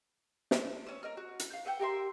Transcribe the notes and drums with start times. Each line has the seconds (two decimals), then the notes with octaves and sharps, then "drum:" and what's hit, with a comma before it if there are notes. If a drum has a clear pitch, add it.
0.51 drum: snare
0.87 C#4 E6
1.03 A#4 D#5 F6
1.17 F#4
1.39 drum: hi-hat
1.50 F5 G6
1.65 B4 E5 F#5 G5
1.80 G4 A#4 E5 C6